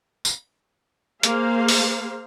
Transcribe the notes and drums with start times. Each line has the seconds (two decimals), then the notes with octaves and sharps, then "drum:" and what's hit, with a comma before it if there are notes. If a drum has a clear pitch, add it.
0.25 drum: tambourine
1.23 A#3 G#4 C5 F5, drum: hi-hat
1.68 drum: open hi-hat